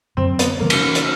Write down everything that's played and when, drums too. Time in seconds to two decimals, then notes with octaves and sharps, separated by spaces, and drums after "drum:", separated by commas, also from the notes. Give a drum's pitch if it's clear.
0.17 F#2 D3 F#3 C4
0.39 B3, drum: hi-hat
0.60 C#3 E3 G3 A#3 C4
0.70 drum: cymbal
0.95 drum: hi-hat